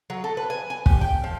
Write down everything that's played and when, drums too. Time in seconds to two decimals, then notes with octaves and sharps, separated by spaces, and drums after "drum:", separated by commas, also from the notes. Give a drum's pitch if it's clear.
0.10 F#3
0.24 A4
0.37 B4
0.50 G#5
0.70 G#5
0.86 G4, drum: kick
1.01 G5
1.24 F3